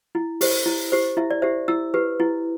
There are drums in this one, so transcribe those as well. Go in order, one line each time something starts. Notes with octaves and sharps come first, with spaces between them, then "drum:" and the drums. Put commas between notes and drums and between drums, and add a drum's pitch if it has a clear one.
E4
G4 C5, drum: open hi-hat
E4
G4 C5
E4 E5
D5
G4 C5 E5
E4 E6
G4 B4
E4